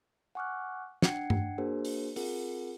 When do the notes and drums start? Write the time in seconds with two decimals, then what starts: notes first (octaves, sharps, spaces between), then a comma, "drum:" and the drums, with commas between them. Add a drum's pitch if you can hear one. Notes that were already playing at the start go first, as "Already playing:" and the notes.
0.35 F#5 G#5 C#6 D6 F6 F#6
1.02 D4 F#5 G5 G#6 C7 C#7, drum: snare
1.30 drum: tom G2
1.58 A#3 D4 F#4 G#4 A#4 C5
1.85 drum: open hi-hat
2.16 C4 F4 G#4 A#4 F#5, drum: open hi-hat